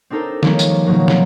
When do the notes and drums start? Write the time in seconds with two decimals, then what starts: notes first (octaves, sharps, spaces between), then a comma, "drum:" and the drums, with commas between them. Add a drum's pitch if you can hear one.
0.10 C4 D4 D#4 A4 A#4 C5
0.43 D#3 F3 G3 A#3 C#4 D4, drum: snare
0.59 drum: tambourine
0.86 B2 D#3 F3 F#3 A#3
1.08 drum: snare